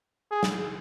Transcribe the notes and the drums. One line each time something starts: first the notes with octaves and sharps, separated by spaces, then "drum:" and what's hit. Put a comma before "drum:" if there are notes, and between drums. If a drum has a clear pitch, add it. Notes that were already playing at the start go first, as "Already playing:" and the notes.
G#4
drum: snare